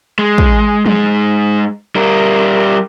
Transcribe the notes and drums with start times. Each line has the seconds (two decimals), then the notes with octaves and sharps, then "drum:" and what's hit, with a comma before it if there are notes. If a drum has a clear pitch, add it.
0.19 G#3
0.38 drum: kick
0.86 G#2 G#3, drum: tom
1.95 G3 A#4